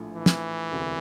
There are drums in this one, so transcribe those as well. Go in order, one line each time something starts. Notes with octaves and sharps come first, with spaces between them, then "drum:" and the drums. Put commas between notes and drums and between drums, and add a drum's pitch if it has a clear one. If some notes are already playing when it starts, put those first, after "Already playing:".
Already playing: A#1 A2 F3 A3 D4
E3
drum: snare
E1 D2 C3